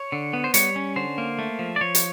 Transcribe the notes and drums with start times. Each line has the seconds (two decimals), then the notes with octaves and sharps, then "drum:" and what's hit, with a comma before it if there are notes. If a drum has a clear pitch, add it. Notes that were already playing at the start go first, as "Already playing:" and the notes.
Already playing: C#5
0.12 D3
0.33 B3
0.44 C5
0.54 G3 C#5, drum: hi-hat
0.76 C#4
0.96 D3 C5
1.18 A#3
1.39 A3
1.59 F3
1.76 D5
1.81 F3 C#5
1.95 drum: hi-hat